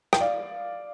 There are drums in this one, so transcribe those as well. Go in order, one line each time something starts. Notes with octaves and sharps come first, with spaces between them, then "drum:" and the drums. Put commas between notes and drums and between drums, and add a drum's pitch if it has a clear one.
G5, drum: rim click
D5 F5